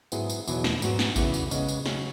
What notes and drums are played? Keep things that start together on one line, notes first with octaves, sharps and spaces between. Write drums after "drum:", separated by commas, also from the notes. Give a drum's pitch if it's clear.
G#2 F#3 B3 E4 G#4, drum: tambourine
drum: tambourine
E2 B2 F#3, drum: tambourine
drum: snare
G#2 F#3 B3 F#4, drum: tambourine
drum: snare
E2 C#3 E3 B3, drum: kick A1, tambourine
drum: tambourine
C#3 G#3 B3, drum: tambourine
drum: tambourine
C#3 F#3 C#4, drum: snare